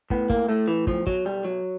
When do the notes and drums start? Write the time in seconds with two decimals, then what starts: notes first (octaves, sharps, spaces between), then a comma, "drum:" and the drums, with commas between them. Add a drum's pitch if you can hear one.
0.10 A2 B3, drum: kick
0.30 A#3, drum: kick
0.49 A2 A3
0.68 E3
0.87 B1 F3, drum: kick
1.07 F#3, drum: kick
1.25 B1 G3
1.45 F#3